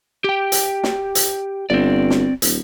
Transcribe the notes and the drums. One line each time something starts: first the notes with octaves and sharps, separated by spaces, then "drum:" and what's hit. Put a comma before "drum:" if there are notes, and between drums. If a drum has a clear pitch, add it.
G4 G5
drum: hi-hat
drum: snare
drum: hi-hat
G1 C4 D5
drum: snare
D#1, drum: hi-hat